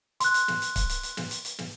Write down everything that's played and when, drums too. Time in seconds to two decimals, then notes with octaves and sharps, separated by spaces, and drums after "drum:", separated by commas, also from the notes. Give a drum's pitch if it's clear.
0.20 C6 F#6, drum: hi-hat
0.34 drum: hi-hat
0.48 drum: snare
0.62 drum: hi-hat
0.76 drum: kick, hi-hat
0.89 drum: hi-hat
1.03 drum: hi-hat
1.17 drum: snare
1.31 drum: hi-hat
1.45 drum: hi-hat
1.58 drum: snare